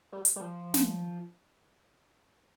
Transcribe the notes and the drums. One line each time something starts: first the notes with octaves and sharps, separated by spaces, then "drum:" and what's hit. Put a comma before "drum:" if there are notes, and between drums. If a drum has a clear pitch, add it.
G3
drum: hi-hat
G3
F3
drum: snare